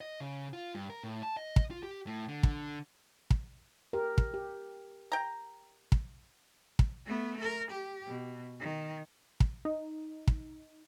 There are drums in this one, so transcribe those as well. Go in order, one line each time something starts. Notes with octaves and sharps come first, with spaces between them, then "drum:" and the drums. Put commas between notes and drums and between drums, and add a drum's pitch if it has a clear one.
D#5
C#3
F4
G2
A#4
A2
A5
D#5
drum: kick
F4
G4
A2
D3
drum: kick
drum: kick
G4 A#4
drum: kick
G4
G5 A#5
drum: kick
drum: kick
A3 B3
A#4
G4
B2
D#3
drum: kick
D#4
drum: kick